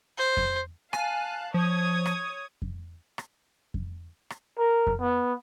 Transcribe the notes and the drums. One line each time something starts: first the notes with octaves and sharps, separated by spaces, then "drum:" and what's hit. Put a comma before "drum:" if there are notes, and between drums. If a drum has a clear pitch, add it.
C5
drum: kick F2
F5 G#5 A5 F#6, drum: rim click
F3 C#5 D#6 G#6
drum: rim click
drum: kick F2
drum: rim click
drum: kick F2
drum: rim click
A#4
drum: kick F2
B3